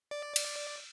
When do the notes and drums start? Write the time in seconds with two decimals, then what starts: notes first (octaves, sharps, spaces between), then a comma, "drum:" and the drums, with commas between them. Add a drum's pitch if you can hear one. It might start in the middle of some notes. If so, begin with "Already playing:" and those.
0.11 D5
0.36 drum: cymbal